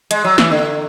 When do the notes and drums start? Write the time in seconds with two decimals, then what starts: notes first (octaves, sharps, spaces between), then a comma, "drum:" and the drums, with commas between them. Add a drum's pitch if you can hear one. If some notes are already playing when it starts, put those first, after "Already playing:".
0.11 G#3, drum: hi-hat
0.24 F#3
0.38 E3, drum: snare
0.51 D3